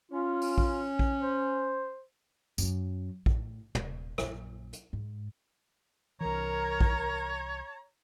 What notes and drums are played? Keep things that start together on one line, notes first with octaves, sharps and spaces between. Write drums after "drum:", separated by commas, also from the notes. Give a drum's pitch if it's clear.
C#4 F4
drum: open hi-hat
drum: kick A#1
drum: kick A#1
C5
F#2 F#3, drum: tambourine
A2, drum: kick A#1
D#1, drum: tom
A#1 F#2, drum: rim click
drum: hi-hat
G#2
C2 E3 A#4 C#5 A#5
drum: kick A#1